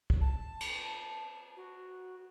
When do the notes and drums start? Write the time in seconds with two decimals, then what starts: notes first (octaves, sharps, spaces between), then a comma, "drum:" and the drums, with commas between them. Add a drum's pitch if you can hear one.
0.10 drum: kick
0.21 A5
0.60 drum: cymbal
1.56 F#4